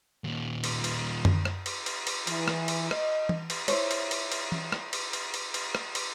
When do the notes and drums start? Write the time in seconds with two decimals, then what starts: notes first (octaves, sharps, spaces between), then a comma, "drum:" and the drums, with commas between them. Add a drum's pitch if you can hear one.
0.24 D#2 A#2
0.64 drum: cymbal
0.84 drum: cymbal
1.25 drum: tom F#2
1.45 drum: rim click
1.66 drum: cymbal
1.86 drum: cymbal
2.07 drum: cymbal
2.27 E3, drum: cymbal
2.48 drum: rim click
2.68 drum: cymbal
2.91 D#5, drum: rim click
3.29 drum: tom E3
3.50 drum: cymbal
3.68 E4 C5 C#5, drum: cymbal
3.91 drum: cymbal
4.11 drum: cymbal
4.32 drum: cymbal
4.52 drum: tom E3
4.72 drum: rim click
4.93 drum: cymbal
5.13 drum: cymbal
5.34 drum: cymbal
5.54 drum: cymbal
5.75 drum: rim click
5.95 drum: cymbal